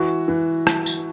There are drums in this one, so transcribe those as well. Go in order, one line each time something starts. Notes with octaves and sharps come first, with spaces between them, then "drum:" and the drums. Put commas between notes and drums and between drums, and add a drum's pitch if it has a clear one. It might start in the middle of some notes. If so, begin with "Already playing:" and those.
Already playing: E3 F#4
E3
drum: rim click
drum: tambourine